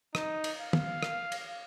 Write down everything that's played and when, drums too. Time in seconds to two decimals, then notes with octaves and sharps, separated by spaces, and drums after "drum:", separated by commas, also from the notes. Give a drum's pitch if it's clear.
0.15 D#4, drum: rim click
0.44 drum: cymbal
0.60 F5
0.73 drum: tom
1.03 drum: rim click
1.32 drum: cymbal